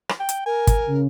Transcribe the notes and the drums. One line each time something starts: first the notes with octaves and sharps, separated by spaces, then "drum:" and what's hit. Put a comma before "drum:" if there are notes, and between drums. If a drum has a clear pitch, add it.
drum: rim click
G5
drum: hi-hat
A#4 G#5
drum: kick, hi-hat
C#3